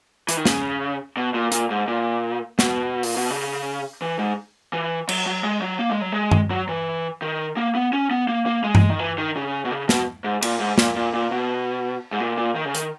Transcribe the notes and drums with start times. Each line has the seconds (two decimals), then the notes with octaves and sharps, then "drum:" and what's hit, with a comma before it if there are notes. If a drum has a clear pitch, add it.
0.29 E3, drum: hi-hat
0.37 D#3
0.45 C#3, drum: snare
1.17 B2
1.34 A#2
1.52 A#2, drum: hi-hat
1.70 G#2
1.88 A#2
2.59 B2, drum: snare
3.03 A#2, drum: open hi-hat
3.16 B2
3.30 C#3
4.02 E3
4.19 G#2
4.73 E3
5.09 F#3, drum: cymbal
5.26 F#3
5.44 G#3
5.62 F#3
5.79 A#3
5.90 G#3
6.02 F#3
6.12 G#3
6.32 drum: tom G2
6.51 F#3
6.69 E3
7.22 D#3
7.57 A#3
7.75 B3
7.93 C#4
8.11 B3
8.29 A#3
8.46 A#3
8.64 G#3
8.75 drum: tom G2
8.90 D#3
8.99 E3
9.18 D#3
9.36 C#3
9.65 B2
9.71 C#3
9.89 B2, drum: snare
10.24 G#2
10.42 A#2, drum: cymbal
10.60 G#2
10.78 A#2, drum: snare
10.96 A#2
11.14 A#2
11.31 B2
12.12 G#2
12.20 A#2
12.37 A#2
12.56 D#3
12.65 C#3
12.75 D#3, drum: hi-hat